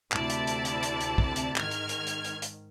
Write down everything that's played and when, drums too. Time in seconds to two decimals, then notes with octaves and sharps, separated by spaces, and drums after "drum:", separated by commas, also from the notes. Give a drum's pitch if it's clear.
0.12 D2 C3 E4 D5 A5, drum: clap
0.30 drum: hi-hat
0.47 drum: hi-hat
0.65 drum: hi-hat
0.83 drum: hi-hat
1.00 drum: hi-hat
1.18 drum: kick
1.36 drum: hi-hat
1.56 G#2 D#3 F6 G#6, drum: clap
1.71 drum: hi-hat
1.89 drum: hi-hat
2.07 drum: hi-hat
2.24 drum: hi-hat
2.42 drum: hi-hat